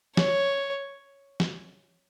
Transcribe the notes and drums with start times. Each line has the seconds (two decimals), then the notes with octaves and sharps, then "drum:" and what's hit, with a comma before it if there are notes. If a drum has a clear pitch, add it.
0.17 C#5, drum: snare
1.40 drum: snare